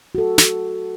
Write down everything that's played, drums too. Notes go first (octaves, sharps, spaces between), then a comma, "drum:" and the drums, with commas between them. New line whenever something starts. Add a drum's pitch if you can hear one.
F#4 A4
drum: snare